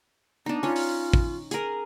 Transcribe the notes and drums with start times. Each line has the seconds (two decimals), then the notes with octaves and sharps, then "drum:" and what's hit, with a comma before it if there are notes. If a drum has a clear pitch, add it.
0.46 B3 D4 D#4
0.63 C#4 F4 C#5
0.76 drum: open hi-hat
1.13 drum: kick
1.51 G#4 A#4, drum: hi-hat